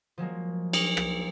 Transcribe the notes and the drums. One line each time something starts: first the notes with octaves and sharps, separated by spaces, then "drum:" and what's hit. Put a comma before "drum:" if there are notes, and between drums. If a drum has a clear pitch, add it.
F3 F#3 G#3 A#3
A#4 D#6, drum: cymbal
drum: rim click